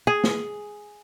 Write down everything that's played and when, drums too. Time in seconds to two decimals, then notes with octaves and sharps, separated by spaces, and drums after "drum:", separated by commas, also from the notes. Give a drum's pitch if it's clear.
0.07 G#4
0.24 drum: snare A#3